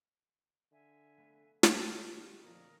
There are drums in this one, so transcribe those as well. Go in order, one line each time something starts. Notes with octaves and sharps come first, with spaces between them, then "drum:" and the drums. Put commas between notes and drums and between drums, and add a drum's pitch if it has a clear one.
D3 E5 F5 G#5
A3 B3
A1 D3 D#3 A5 C#6 D#6, drum: snare
G4
F2 A#2 F3 C4 A#4 D#6 F6